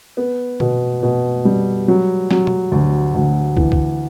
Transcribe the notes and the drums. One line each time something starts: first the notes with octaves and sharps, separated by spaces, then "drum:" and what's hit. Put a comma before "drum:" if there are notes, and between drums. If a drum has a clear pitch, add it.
B3
B2, drum: tom
B2
G3
F#3
F#3, drum: snare E3
drum: tom
D2
D2
E3, drum: kick
drum: kick